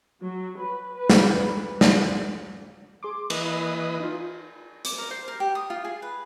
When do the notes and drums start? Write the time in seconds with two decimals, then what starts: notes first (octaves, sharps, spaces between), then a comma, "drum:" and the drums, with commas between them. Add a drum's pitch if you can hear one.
0.22 F#3
0.58 B4
0.95 B4
1.10 drum: snare
1.48 B4
1.81 drum: snare
3.03 G#4 C6 D6
3.30 E3 A#3 B4 D#5, drum: cymbal
4.00 D#4 F4
4.85 D6, drum: hi-hat
4.98 A#4
5.11 C5
5.28 A#4
5.40 G4
5.55 D#6
5.70 F4
5.84 G#4
6.02 B4